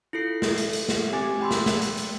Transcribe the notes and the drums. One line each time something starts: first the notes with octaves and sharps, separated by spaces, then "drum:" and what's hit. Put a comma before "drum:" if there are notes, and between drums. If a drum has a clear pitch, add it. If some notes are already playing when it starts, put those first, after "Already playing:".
E4 F4 A4 C7
A4 D#5, drum: snare
drum: hi-hat
drum: hi-hat
drum: snare
C4 G4 G#5 D6 A6
G5 B5 C6 E6
drum: snare
drum: snare
drum: hi-hat
drum: hi-hat